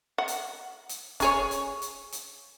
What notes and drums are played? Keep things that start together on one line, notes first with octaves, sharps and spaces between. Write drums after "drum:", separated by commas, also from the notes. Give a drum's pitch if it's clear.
F#5
drum: hi-hat
drum: hi-hat
C#4 G#4 C#5, drum: kick, hi-hat
drum: hi-hat
drum: hi-hat
drum: hi-hat